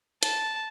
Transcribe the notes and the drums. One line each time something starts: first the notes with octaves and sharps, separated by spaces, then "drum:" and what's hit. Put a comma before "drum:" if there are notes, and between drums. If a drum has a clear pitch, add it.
A5, drum: hi-hat